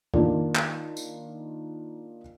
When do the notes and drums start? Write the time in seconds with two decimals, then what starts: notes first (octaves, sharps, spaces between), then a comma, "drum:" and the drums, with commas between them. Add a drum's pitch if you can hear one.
0.14 D#3 A#3 D4 F4, drum: tom F2
0.55 drum: clap
0.97 drum: tambourine